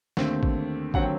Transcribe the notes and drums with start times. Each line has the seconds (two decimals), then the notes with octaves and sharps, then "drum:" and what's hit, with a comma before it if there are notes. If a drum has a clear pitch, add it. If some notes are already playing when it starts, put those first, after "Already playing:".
0.17 D#2 D3 A3 C4, drum: snare
0.43 drum: kick
0.94 D#2 D3 F#3 C4 F#5, drum: kick
1.02 G5